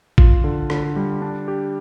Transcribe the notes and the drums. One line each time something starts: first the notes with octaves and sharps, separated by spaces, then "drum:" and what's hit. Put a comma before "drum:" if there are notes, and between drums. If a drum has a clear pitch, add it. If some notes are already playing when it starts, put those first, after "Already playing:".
F4, drum: kick G#1
D3
D3, drum: rim click
G3
D4
G4